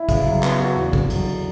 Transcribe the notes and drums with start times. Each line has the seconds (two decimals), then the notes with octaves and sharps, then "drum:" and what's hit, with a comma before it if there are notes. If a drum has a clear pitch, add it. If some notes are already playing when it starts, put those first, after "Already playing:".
Already playing: E4
0.09 C#3, drum: kick, cymbal
0.26 F#3
0.43 B3, drum: clap
0.60 F#4
0.76 E2
0.93 D3, drum: kick
1.10 F#3, drum: cymbal